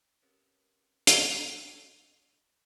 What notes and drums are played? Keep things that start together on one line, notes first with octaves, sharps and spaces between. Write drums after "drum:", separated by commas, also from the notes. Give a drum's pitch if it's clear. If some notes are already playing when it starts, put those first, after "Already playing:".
C4 C#4 G4 A#4 B4 C#5
drum: hi-hat